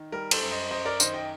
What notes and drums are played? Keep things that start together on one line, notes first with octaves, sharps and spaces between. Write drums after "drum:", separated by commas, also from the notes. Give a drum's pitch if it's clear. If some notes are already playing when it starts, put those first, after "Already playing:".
Already playing: D#3
G3 A#4
A4 C5, drum: cymbal
F#2
C5 D#5
F#2 C5 D#5
A#4 D5
D#3 C5 D#5, drum: tambourine
D#5 G5